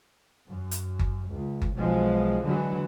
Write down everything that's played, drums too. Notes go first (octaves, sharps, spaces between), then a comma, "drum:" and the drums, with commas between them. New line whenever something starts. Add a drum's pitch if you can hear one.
F#2
drum: hi-hat
drum: kick G1
C#2
drum: kick G1
B1 F3 F#3 G#3
D3 E3 F#3 G#3